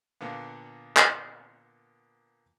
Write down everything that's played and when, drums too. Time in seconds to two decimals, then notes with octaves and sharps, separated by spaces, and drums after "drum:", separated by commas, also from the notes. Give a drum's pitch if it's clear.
0.21 A#2 D3 A#3 B3
0.97 drum: clap